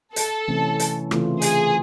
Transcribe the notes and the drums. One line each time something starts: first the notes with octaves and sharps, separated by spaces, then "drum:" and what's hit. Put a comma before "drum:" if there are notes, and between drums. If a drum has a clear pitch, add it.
A4, drum: hi-hat
C3 E3 A3 C#4 E4
drum: hi-hat
C#3 E3 A3 C4 F4, drum: rim click
G#4, drum: hi-hat